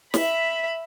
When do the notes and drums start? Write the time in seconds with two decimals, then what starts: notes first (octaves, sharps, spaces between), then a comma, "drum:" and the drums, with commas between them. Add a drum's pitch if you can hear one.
0.14 E5 B5, drum: snare